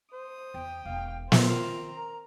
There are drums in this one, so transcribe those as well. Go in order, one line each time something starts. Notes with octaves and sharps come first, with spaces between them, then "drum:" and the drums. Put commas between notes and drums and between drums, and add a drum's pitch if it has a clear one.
C5 D#6
E2 G5
E1 A#3 F5
D#3 C4 F4 A#4 A#5, drum: snare
A#4 A#5